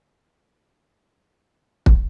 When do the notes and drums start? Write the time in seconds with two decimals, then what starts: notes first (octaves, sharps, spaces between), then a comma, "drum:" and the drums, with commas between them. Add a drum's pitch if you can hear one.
0.20 A#2 C#3 C#4 D#5
0.58 G2 B2 D3 B4 C5 D5
1.06 D#1 F3
1.50 E6 F6
1.86 drum: kick